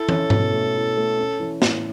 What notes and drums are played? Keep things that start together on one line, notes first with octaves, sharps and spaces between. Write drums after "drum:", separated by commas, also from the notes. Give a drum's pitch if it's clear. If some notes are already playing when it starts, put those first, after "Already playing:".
Already playing: E4 A4
C#4, drum: tom
B2, drum: tom G#2
A3
E4
A3
C#4
E3
A2, drum: snare